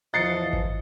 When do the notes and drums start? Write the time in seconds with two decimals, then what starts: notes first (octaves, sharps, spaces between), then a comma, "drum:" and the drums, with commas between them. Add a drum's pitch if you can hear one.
0.14 E2 E3 F3 D#5 A6 C7 C#7
0.53 drum: kick G#1